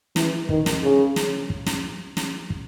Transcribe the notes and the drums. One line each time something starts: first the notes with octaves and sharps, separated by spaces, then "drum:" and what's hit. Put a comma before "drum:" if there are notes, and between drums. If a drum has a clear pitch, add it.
E3, drum: snare
D#3, drum: kick
drum: snare
C#3
drum: snare
drum: kick
drum: snare
drum: snare
drum: kick